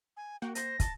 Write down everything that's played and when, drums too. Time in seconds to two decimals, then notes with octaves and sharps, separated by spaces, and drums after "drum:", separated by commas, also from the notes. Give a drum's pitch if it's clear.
0.17 G#5
0.42 A#3 F#4 F#5 G5
0.55 C5 A#6, drum: hi-hat
0.80 A5, drum: kick, hi-hat